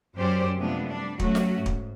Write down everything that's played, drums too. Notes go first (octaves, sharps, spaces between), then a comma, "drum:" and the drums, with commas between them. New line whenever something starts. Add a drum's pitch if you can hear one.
F#2 F#3 C#4 G4 C5 D5
C3 F3 G#3 A3 B3 D4
G3 D4
F#3 A3 C#4 F#4, drum: kick
drum: snare
G#2
drum: kick